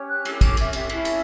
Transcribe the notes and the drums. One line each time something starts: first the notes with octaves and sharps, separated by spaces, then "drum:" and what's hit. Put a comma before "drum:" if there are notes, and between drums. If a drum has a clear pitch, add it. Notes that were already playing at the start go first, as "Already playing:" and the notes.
Already playing: C#4 G4 C#5
F#6
E6, drum: cymbal
D6, drum: kick, cymbal
E5, drum: cymbal
E5, drum: cymbal
C#4 E4 A4, drum: cymbal
drum: cymbal